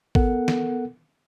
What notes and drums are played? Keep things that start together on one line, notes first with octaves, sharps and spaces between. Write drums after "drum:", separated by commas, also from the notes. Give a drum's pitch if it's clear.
B3 A4 A#4 F#5, drum: kick G#1
drum: snare